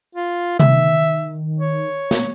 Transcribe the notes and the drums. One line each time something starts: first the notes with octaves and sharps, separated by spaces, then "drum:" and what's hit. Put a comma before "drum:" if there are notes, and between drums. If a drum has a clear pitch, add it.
F4
D#3 E5, drum: tom C3
C#5
drum: snare